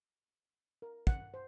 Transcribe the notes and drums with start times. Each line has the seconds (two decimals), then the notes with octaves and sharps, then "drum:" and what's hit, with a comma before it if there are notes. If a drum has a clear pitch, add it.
0.82 A#4
1.07 F#5, drum: kick
1.34 C5